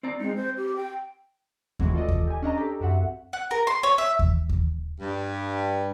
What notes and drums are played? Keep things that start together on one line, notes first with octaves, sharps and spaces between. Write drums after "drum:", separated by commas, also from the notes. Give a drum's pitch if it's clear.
C4 D5 A#5
G#3 C4 D#4
C5
G4
G5
E3 F#3 G#3 A3 C4 F#4, drum: kick D#2
F4 A4 D5 D#5
drum: kick D#2
G4 G#5
C#4 D4 D#5 A#5
G4 A4
C2 F#2 C4 F#4 E5 F#5
F#5
A#4
C6
C#5
E5
drum: kick D#2
drum: kick D#2
G2